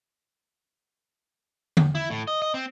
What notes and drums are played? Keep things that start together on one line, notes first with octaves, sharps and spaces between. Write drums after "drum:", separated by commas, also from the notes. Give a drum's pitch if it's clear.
drum: tom D3
E4
A2
D#5
D#5
C4